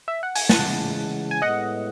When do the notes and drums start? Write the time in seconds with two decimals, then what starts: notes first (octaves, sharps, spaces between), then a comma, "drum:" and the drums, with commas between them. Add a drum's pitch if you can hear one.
0.08 E5
0.23 F#5
0.36 G#5, drum: open hi-hat
0.49 C#3 E3 G#3 F#5 A5, drum: snare
1.31 G#5
1.42 A2 G#3 B3 D#5 F#5